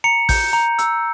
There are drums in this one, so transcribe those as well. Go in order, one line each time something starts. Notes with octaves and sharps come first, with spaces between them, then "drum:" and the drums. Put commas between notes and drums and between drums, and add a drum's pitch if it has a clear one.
A#5 C#7
G6, drum: kick A1, open hi-hat
A#5
E6, drum: hi-hat